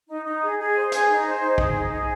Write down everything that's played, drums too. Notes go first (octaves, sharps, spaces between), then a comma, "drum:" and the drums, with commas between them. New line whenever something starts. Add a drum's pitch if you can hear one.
D#4
D#4
G#4
G#4
C5
G#4, drum: hi-hat
D#4
C5
D#4
G#4, drum: kick
D#4
G#4